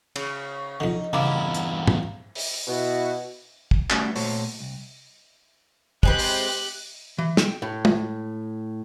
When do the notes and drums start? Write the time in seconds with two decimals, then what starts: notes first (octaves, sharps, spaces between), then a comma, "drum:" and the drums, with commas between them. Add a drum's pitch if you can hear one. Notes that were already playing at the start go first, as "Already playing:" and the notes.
0.16 C#3, drum: cymbal
0.80 F2 D3 D#4
1.13 E2 G2 C#3 B3 E4 D5 F5 A#5
1.54 drum: hi-hat
1.87 drum: tom G#2
2.35 drum: open hi-hat
2.67 B2 E4 F#4
3.71 drum: kick
3.90 G3 A3 B3 C#4 F#4, drum: clap
4.16 A#2 A3 F#4 A4 C5 C#5, drum: open hi-hat
4.60 C2
6.03 G#3 C4 G4 B4 F#6, drum: kick
6.19 drum: open hi-hat
7.18 E3
7.37 G5, drum: snare
7.62 A2
7.85 drum: tom